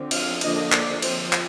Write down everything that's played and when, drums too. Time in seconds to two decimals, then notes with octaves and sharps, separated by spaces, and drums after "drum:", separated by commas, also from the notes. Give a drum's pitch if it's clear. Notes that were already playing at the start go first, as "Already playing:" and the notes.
Already playing: D3 F3 C4
0.11 F5, drum: cymbal
0.41 D3 F3 A#3 D4 D#5, drum: cymbal
0.72 D5, drum: clap
1.02 F3 C4 C5, drum: cymbal
1.33 drum: clap